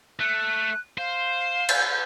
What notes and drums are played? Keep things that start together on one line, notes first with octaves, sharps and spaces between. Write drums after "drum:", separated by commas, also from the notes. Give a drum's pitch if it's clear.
A3 F#6
C5 F5
drum: cymbal